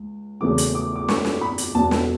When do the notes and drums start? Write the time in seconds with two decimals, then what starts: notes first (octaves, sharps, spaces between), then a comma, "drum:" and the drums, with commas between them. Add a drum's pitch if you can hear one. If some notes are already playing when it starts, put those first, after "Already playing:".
Already playing: C#2
0.41 E1 E2 C#3 E3 A3 D6
0.58 drum: hi-hat
0.75 D6
0.96 D6
1.08 C#6, drum: snare
1.25 drum: snare
1.41 B5
1.58 drum: hi-hat
1.74 E1 E2 B2 F#3 B3 A5
1.91 drum: snare